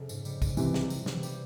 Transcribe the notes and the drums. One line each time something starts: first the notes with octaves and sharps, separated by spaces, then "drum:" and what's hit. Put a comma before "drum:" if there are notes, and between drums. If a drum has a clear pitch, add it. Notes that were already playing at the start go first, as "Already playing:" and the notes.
Already playing: F1 C#3
G#2, drum: tambourine
G3, drum: tambourine
G#2, drum: kick B1, tambourine
C3 E3 G4, drum: tambourine
G3, drum: snare
C3, drum: tambourine
E3, drum: snare
G3, drum: tambourine